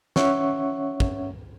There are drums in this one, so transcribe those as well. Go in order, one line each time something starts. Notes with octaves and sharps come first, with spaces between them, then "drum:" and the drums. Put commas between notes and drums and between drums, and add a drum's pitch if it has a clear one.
C#4 C#5 E5 F#5 C#6, drum: snare
drum: kick